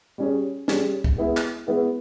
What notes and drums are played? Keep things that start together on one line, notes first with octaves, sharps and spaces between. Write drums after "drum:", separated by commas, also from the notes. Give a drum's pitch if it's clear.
G3 C#4 G#4
G3 C#4 G#4, drum: snare
drum: kick
G#3 B3 E4 G#4
drum: clap
G#3 B3 E4 G#4